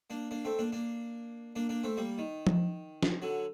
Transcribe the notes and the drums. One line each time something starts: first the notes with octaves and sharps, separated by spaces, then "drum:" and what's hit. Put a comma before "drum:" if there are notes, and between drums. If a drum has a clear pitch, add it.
A#3 D4
A#3 D4
A3 C4
A#3 D4
A#3 D4
A#3 D4
A#3 D4
A3 C4
G3 A#3
D#3
drum: tom F3
drum: snare
D3 F#3